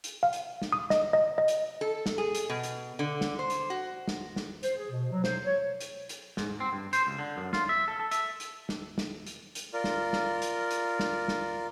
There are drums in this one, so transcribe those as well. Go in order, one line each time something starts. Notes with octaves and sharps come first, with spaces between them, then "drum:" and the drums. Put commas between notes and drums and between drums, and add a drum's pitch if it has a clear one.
drum: hi-hat
F5
drum: hi-hat
drum: snare
D#6
D#5, drum: snare
D#5
D#5
drum: hi-hat
A4
drum: snare
G#4
drum: hi-hat
B2
drum: hi-hat
D3
drum: snare
C5
drum: hi-hat
F#4
drum: snare
drum: snare
C5, drum: hi-hat
G#4
B2
F#3
C5, drum: snare
C#5
drum: hi-hat
drum: hi-hat
G#2, drum: snare
C4
G2
C5, drum: hi-hat
C#2
D3
F#2
F4, drum: snare
E5
A4
A4
E5, drum: hi-hat
drum: hi-hat
drum: snare
drum: snare
drum: hi-hat
drum: hi-hat
F4 A#4 D5
drum: snare
drum: snare
drum: hi-hat
drum: hi-hat
drum: snare
drum: snare